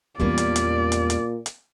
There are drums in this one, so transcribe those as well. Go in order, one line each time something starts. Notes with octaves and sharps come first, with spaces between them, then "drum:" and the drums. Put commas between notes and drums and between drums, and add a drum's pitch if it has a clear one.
E2 A#2 G3 G#3 A#3 C#4 D5
drum: hi-hat
drum: hi-hat
drum: hi-hat
drum: hi-hat
drum: hi-hat